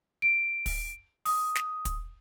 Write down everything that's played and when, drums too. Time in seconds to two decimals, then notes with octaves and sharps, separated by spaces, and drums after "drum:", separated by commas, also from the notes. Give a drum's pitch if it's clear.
0.22 D7
0.66 drum: kick, open hi-hat
1.25 D#6, drum: open hi-hat
1.55 drum: snare
1.85 drum: kick, hi-hat